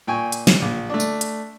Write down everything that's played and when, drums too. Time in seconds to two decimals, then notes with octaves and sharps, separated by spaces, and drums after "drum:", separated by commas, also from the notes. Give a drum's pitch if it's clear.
0.07 A#2 G5 G#5 C#6
0.32 drum: hi-hat
0.47 drum: snare
0.62 A#1
0.90 A3 D4
1.00 drum: tambourine
1.21 drum: hi-hat